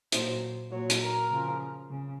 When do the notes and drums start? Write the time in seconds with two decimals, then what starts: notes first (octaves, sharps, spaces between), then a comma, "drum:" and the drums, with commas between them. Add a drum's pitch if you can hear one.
0.12 A#2 F#3 C5, drum: hi-hat
0.72 A#2 F#3 C#5
0.90 drum: hi-hat
1.01 A#4
1.30 C#3 F3
1.89 C#3